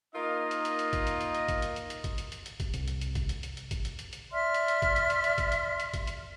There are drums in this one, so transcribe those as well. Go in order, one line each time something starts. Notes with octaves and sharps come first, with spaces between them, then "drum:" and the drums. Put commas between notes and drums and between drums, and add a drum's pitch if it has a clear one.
A#3 D#4 F4 A#4 D#5
drum: hi-hat
drum: hi-hat
drum: hi-hat
drum: kick G#1, hi-hat
drum: hi-hat
drum: hi-hat
drum: hi-hat
drum: kick G#1, hi-hat
drum: hi-hat
drum: hi-hat
drum: hi-hat
drum: kick G#1, hi-hat
drum: hi-hat
drum: hi-hat
drum: hi-hat
drum: kick G#1, hi-hat
C2, drum: hi-hat
drum: hi-hat
drum: hi-hat
drum: kick G#1, hi-hat
drum: hi-hat
drum: hi-hat
drum: hi-hat
drum: kick G#1, hi-hat
drum: hi-hat
drum: hi-hat
drum: hi-hat
D5 E5 C6 F6
drum: hi-hat
drum: hi-hat
drum: kick G#1, hi-hat
drum: hi-hat
drum: hi-hat
drum: hi-hat
drum: kick G#1, hi-hat
drum: hi-hat
drum: hi-hat
drum: kick G#1, hi-hat
drum: hi-hat